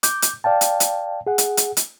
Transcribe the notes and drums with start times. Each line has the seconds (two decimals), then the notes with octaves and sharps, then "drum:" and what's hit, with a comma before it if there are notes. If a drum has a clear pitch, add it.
0.03 D6 G6, drum: hi-hat
0.22 drum: hi-hat
0.44 D5 F5 G5 A5
0.61 drum: hi-hat
0.80 drum: hi-hat
1.27 G#4 F#5
1.38 drum: hi-hat
1.57 drum: hi-hat
1.77 drum: hi-hat